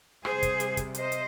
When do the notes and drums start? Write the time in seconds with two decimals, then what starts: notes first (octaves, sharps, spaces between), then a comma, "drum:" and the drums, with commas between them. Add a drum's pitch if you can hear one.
0.25 C3 G3 G#4 C5, drum: rim click
0.43 drum: kick, hi-hat
0.60 drum: hi-hat
0.77 drum: kick, hi-hat
0.95 C5 D#5, drum: hi-hat
1.12 drum: hi-hat